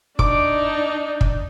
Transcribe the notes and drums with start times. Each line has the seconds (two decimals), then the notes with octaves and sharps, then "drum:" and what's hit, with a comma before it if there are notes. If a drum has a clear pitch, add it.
0.19 D4 D#4 D6, drum: kick
1.21 drum: kick